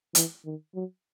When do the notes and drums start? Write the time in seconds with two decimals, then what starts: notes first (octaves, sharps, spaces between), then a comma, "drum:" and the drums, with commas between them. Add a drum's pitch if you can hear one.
0.15 E3, drum: hi-hat
0.45 D#3
0.75 F#3